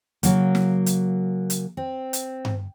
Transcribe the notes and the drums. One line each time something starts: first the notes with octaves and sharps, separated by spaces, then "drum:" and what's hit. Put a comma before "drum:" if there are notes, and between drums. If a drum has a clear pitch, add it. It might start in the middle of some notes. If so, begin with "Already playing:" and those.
C#3 F#3 A#3, drum: hi-hat
drum: snare
drum: hi-hat
drum: hi-hat
C4
drum: hi-hat
drum: tom G2